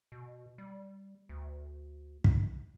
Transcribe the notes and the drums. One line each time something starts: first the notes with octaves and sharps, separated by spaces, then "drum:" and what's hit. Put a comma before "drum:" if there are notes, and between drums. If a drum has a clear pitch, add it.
B2
G3
D2
drum: kick